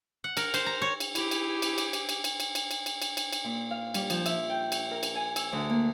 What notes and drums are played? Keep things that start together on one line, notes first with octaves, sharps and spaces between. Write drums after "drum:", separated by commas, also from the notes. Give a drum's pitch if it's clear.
F#5
A#4, drum: cymbal
C5, drum: cymbal
A#5
C#5
drum: cymbal
E4 G4 G#4, drum: cymbal
drum: cymbal
drum: cymbal
drum: cymbal
drum: cymbal
drum: cymbal
drum: cymbal
drum: cymbal
drum: cymbal
drum: cymbal
drum: cymbal
drum: cymbal
drum: cymbal
drum: cymbal
A#2
F5
G3, drum: cymbal
F3, drum: cymbal
E5, drum: cymbal
G5
drum: cymbal
A#4
drum: cymbal
G#5
E6, drum: cymbal
D2
A#3